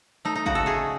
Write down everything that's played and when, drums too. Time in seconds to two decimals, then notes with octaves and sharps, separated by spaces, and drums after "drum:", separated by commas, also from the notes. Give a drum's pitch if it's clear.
0.25 A3 D#4
0.35 D#4
0.46 C#3 F#4, drum: kick
0.55 A4
0.66 A3 G#4